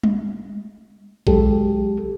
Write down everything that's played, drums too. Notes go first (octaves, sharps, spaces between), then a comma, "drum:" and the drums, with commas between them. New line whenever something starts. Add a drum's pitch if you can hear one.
drum: tom G3
F#3 G#3 G4 A4, drum: kick A#1